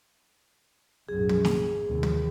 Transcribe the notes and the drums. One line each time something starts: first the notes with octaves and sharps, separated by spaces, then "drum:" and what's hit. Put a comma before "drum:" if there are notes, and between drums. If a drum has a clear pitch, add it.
B1 F#2 A2 G#4
drum: tom
drum: snare
D#2 C3
drum: tom